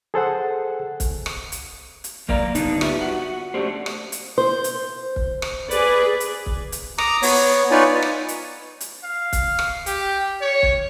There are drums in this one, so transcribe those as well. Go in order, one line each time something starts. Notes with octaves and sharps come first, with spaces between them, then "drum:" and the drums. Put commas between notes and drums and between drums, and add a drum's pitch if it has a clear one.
G#4 A4 C5 F#5
drum: kick, hi-hat
drum: rim click
drum: hi-hat
drum: hi-hat
F#2 A#3 D5 F5 A#5, drum: kick
G2 D3 B3 D4 D#4, drum: hi-hat
F4 G4 B4 E5, drum: rim click
F#4 F#5
A3 C#4 D4 F#4 G4 C5
drum: rim click
drum: hi-hat
C5
drum: hi-hat
drum: kick
drum: rim click
G#4 B4 D5, drum: hi-hat
drum: hi-hat
drum: kick
drum: hi-hat
A#5 D6 D#6, drum: rim click
B3 C#5, drum: open hi-hat
D#4 F4 B4 C#5 D5 G#5
drum: rim click
drum: hi-hat
drum: hi-hat
F5
drum: kick, hi-hat
drum: rim click
G4, drum: hi-hat
C#5
drum: kick